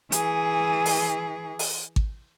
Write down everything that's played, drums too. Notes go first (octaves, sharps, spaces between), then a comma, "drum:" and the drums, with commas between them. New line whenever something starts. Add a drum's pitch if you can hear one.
E3 G#4, drum: hi-hat
drum: open hi-hat
drum: open hi-hat
drum: kick G#1